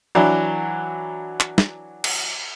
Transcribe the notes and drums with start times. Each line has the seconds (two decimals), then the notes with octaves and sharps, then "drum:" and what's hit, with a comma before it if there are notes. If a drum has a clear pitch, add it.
0.15 E3 F#3 D4
1.40 drum: clap
1.58 drum: snare
2.04 drum: cymbal